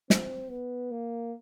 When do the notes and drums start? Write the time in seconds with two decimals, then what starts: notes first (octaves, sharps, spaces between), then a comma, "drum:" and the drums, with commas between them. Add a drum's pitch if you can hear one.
0.10 C4, drum: snare
0.50 B3
0.91 A#3